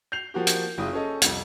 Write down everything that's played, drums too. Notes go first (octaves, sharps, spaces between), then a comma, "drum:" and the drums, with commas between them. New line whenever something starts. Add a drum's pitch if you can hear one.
G6 C7 F7
F3 A#3 F#4 G4
drum: hi-hat
F#1 E4 F4 D#6
C#4 G#4 A4 D#5
C2 F2, drum: hi-hat